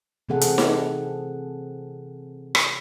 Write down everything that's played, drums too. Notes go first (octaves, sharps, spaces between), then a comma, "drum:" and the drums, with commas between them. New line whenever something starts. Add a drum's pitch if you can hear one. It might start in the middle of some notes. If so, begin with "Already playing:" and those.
C3 E3 C4 G#4 A4 F#5
drum: hi-hat
drum: snare D#4
drum: rim click